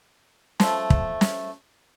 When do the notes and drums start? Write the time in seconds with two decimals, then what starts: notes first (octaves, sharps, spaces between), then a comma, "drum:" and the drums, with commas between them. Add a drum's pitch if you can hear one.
0.60 F3 A3, drum: snare
0.90 drum: kick
1.21 drum: snare